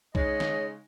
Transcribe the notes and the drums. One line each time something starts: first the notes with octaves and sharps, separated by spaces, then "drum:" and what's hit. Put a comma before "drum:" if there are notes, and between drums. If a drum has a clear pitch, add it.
C#3 G#3 D#4 C#5 D#5, drum: kick B1
drum: snare